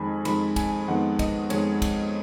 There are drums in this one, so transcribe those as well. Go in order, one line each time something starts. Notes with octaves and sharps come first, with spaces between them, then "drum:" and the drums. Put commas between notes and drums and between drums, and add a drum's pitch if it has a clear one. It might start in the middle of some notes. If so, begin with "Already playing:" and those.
Already playing: F2 D#3 G#3 G#5 B5
F2 D#3 G#3 B5, drum: cymbal
G#5, drum: kick, cymbal
F2 D#3 G#3 B3 F#5
D#5, drum: kick, cymbal
F2 D#3 G#3 B3 C#5, drum: cymbal
drum: kick, cymbal